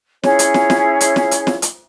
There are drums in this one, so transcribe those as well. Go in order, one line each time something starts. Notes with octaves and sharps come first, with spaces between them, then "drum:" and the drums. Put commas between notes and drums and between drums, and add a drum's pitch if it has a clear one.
C#4 E4 G#4 C#5, drum: snare
drum: hi-hat
drum: snare
drum: snare
drum: hi-hat
drum: snare
drum: hi-hat
drum: snare
drum: hi-hat